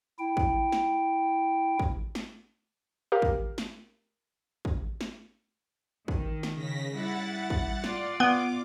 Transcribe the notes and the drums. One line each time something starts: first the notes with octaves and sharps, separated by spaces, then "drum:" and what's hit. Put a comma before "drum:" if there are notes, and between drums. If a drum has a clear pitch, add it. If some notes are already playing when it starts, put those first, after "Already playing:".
E4 G5
drum: kick
drum: snare
drum: kick
drum: snare
G4 A#4 F5
drum: kick
drum: snare
drum: kick
drum: snare
D#3, drum: kick
drum: snare
C#3 A#6 B6
G3 E4 F#5 A6
drum: kick
F4 D5, drum: snare
B3 D6